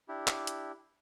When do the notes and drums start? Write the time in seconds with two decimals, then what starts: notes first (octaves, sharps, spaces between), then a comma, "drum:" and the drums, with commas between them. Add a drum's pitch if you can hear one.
0.08 D4 E4 G4
0.28 drum: clap
0.47 drum: hi-hat